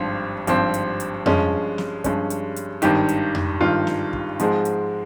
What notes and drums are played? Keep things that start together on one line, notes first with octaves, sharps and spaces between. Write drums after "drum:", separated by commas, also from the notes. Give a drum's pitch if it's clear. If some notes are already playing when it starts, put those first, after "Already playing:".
Already playing: G#1 G2 F3 C4 F5
G#1 G2 F3 C4, drum: hi-hat
drum: hi-hat
drum: hi-hat
G2 F3 G#3 C#4, drum: tom F2
drum: snare
G2 F3 G#3 C#4, drum: kick, hi-hat
drum: hi-hat
drum: hi-hat
G#1 G2 D#3 G4, drum: hi-hat
drum: hi-hat
drum: tom F2
G#1 G2 D#3 F4
drum: snare
drum: kick
G#2 F3 G#3 C4, drum: hi-hat
drum: hi-hat